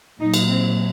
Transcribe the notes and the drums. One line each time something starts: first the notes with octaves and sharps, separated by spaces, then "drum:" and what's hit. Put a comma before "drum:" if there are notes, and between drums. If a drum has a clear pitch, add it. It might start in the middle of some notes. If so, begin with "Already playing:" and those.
A#2 F#3 D#4
drum: cymbal
C4